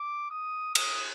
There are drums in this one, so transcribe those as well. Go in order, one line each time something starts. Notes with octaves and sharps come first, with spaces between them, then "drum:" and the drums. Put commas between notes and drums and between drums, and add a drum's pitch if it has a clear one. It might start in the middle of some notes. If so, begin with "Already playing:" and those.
Already playing: D6
D#6
D#6, drum: cymbal